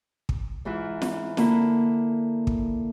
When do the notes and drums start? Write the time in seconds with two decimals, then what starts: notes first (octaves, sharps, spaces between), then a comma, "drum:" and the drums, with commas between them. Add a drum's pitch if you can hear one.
0.29 drum: kick
0.65 G#2 E3 E4 F4
1.02 drum: snare
1.37 D3 A#3 E4, drum: snare
2.47 drum: kick